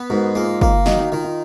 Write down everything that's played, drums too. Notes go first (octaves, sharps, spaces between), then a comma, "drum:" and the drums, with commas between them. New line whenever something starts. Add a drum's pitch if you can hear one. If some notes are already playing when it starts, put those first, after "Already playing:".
Already playing: B3
G#2 F#4 A#4
A#3 F4 G#4
A#3, drum: kick
D#3 D#4 F#4, drum: snare
D#4 F#4
D#3 F4
F4